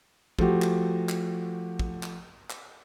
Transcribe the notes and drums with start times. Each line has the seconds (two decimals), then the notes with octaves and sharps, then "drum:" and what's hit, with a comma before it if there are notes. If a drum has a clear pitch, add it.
0.39 F3 A3 F#4 G4, drum: kick
0.62 drum: clap
1.09 drum: clap
1.79 drum: kick
2.03 drum: clap
2.50 drum: clap